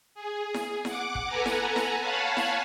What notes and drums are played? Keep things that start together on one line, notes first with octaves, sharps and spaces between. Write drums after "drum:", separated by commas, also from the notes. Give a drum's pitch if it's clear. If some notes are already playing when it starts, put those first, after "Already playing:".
G#4
drum: snare E4
F#5 D6, drum: snare E4
drum: kick
A4 B4 F#5 G#5 A#5
drum: snare E4
drum: snare E4
C#5 F5 F#5 G#5 A5 B5
drum: snare E4